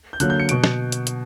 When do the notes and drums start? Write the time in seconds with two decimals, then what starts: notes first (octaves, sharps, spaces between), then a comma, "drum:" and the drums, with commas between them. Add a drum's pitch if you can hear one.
0.13 G6
0.20 D3 F#3 A#3 F#6, drum: hi-hat
0.30 G6
0.40 C#7
0.49 B2 D7, drum: hi-hat
0.64 drum: snare
0.92 drum: hi-hat
1.07 drum: hi-hat